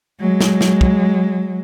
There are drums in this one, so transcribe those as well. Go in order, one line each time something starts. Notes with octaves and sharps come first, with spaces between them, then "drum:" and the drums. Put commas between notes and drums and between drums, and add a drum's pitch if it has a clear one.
F#3 G#3
drum: snare
drum: snare
drum: kick